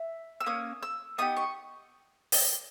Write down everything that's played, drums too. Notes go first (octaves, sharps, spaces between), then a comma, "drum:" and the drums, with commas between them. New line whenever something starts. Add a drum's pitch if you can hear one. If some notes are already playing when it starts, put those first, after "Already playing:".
Already playing: E5
E6
A#3 C#4 D#6
E6
B3 D#4 G4 D#6
C#6
drum: open hi-hat